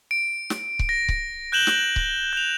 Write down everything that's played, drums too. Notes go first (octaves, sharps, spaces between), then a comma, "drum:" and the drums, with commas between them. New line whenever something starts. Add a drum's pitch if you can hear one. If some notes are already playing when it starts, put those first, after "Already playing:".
D7
drum: snare
drum: kick C#1
A#6
drum: kick C#1
F#6 G6 E7 F#7 G7
drum: snare
drum: kick C#1
G6 F7